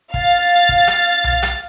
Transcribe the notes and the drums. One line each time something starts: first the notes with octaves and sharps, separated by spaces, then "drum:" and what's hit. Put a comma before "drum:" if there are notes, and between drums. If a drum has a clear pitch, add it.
F5 A6, drum: kick
drum: kick
drum: rim click
drum: tom B1
drum: rim click